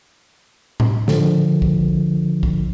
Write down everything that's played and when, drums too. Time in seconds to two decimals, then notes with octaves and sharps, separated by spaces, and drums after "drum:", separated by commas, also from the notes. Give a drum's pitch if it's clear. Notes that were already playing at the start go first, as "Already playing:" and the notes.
0.80 drum: tom A2
1.08 D3 F3, drum: snare
1.62 drum: kick B1
2.43 drum: kick B1